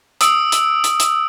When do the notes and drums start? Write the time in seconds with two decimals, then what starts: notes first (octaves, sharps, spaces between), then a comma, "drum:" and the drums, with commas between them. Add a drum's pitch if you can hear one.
0.21 D#6 E6 D7, drum: hi-hat
0.52 drum: hi-hat
0.84 drum: hi-hat
1.00 drum: hi-hat